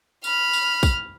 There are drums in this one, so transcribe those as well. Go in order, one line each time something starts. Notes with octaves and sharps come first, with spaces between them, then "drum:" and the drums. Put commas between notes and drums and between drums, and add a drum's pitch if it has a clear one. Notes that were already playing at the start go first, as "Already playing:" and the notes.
B5 F6, drum: tambourine
drum: tambourine
drum: kick, tambourine